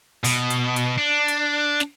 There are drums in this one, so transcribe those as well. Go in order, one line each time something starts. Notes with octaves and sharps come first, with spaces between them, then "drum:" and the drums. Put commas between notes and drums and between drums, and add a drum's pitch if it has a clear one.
B2, drum: open hi-hat
drum: hi-hat
drum: hi-hat
D4
drum: hi-hat
drum: snare